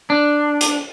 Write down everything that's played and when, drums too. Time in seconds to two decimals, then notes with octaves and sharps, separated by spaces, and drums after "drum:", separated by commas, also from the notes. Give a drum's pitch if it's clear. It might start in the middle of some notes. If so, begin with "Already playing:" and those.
0.10 D4
0.61 drum: hi-hat